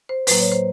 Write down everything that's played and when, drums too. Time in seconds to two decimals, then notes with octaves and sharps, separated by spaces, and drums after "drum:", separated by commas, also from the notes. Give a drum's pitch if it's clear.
0.09 C5
0.27 A2 F#3 A#3 B4, drum: open hi-hat
0.40 C#5
0.52 C5